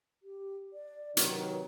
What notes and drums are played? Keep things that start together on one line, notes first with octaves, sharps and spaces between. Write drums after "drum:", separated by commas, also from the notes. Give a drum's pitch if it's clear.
G4
D5
C3 D#3 F#3 B4, drum: hi-hat